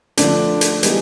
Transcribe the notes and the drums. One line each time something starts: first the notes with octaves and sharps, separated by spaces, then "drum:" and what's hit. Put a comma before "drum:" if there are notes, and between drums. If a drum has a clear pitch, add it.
D3 F3 A3 D4, drum: hi-hat
drum: hi-hat
E3 G3 B3 D#4 G#4, drum: hi-hat